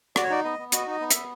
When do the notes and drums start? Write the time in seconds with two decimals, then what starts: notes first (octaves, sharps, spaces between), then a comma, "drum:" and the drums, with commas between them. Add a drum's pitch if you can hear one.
0.16 F#4 D5, drum: rim click
0.24 C#5
0.30 D#4 D5
0.44 B3 D#5
0.59 B3
0.72 F#4 D#5, drum: hi-hat
0.87 D#4 D#5
1.00 B3
1.10 B3 E5, drum: hi-hat